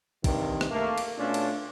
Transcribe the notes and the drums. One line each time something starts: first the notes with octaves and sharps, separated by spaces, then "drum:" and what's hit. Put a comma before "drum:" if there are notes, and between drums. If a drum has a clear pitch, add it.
G2 C3 D#3, drum: kick, cymbal
drum: rim click
A3 A#3
drum: cymbal
B2 A3 C#4 D4 F4
drum: cymbal